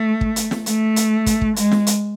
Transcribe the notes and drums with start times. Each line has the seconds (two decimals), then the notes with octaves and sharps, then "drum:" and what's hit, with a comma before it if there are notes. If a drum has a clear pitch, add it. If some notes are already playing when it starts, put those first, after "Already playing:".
Already playing: A3
0.21 drum: kick
0.36 drum: hi-hat
0.51 drum: snare
0.66 A3, drum: hi-hat
0.96 drum: hi-hat
1.26 drum: kick, hi-hat
1.41 drum: kick
1.56 G#3, drum: hi-hat
1.72 drum: snare
1.87 drum: hi-hat